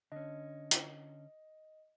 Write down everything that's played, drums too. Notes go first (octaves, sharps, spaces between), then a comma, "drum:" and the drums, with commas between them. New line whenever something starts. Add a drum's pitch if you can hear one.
D3 C#4 D#5
drum: hi-hat